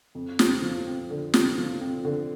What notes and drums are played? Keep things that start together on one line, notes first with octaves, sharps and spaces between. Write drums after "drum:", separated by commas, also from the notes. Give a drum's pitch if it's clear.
F2
C4, drum: snare
F3
C4
D3
C4, drum: snare
F3
C4
D3